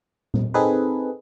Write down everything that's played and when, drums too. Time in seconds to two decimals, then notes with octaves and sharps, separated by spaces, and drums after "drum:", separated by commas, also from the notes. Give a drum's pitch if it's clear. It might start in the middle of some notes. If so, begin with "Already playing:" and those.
0.34 drum: tom A#2
0.54 C4 D#4 G#4 A4 B4